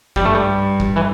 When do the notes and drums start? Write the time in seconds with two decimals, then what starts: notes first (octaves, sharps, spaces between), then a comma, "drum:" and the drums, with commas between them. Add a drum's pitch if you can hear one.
0.16 G2 G3, drum: kick
0.25 A3
0.35 G3
0.80 drum: kick
0.96 E3